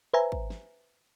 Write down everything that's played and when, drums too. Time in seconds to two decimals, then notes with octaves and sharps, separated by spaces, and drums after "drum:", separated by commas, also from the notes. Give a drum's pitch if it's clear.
0.14 B4 C5 E5 G#5 A#5
0.32 drum: kick
0.50 drum: snare